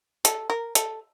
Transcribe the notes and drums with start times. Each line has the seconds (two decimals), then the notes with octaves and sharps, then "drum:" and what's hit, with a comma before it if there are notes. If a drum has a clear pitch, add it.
0.25 A4, drum: hi-hat
0.50 A#4
0.75 A4, drum: hi-hat